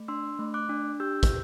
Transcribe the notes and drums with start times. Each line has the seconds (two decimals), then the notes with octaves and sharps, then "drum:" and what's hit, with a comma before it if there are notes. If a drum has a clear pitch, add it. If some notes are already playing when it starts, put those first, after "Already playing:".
Already playing: A3
0.08 D4 C6 E6
0.39 A3
0.54 D6 F#6
0.69 D4
1.00 G4 E6 G6
1.23 drum: kick, hi-hat